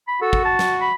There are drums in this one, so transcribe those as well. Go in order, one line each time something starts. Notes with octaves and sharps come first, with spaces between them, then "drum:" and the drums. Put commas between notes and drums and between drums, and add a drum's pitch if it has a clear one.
B5
F#4 A4
drum: kick
A5
drum: snare
B5